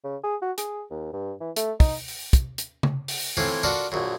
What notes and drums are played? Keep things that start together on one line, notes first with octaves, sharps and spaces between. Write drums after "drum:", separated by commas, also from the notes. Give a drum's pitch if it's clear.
C#3
G#4
F#4
G#4, drum: hi-hat
D#2
G2
E3
A3, drum: hi-hat
D#4, drum: kick, open hi-hat
drum: open hi-hat
drum: kick, hi-hat
drum: hi-hat
drum: tom C#3
drum: open hi-hat
A2 E3 C4 F4
D4 F4 F#4 A4 A#4
A#1 F#2